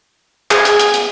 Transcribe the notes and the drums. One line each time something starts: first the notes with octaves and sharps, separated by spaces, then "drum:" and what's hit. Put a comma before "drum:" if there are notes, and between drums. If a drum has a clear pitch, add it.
G#4, drum: clap
drum: hi-hat
drum: hi-hat
drum: hi-hat